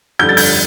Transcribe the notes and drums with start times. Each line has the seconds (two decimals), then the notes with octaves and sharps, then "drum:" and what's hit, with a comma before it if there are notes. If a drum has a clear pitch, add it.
0.19 F2 D3 G3 G6
0.29 A6
0.37 G6, drum: open hi-hat